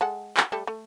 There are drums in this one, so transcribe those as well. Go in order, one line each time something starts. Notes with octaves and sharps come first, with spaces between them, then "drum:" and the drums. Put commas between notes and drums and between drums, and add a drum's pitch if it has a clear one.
G#3 A4 F#5
drum: clap
G3 A3 A4
A3